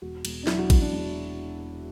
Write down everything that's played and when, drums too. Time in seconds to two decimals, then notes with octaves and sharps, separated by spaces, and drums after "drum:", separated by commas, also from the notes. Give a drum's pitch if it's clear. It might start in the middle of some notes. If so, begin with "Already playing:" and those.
0.02 E1 F#4
0.25 E1, drum: cymbal
0.43 D4
0.47 F#3 E4, drum: snare
0.59 F#4
0.70 E1 E4, drum: kick, cymbal
0.81 D4
0.93 E1 D4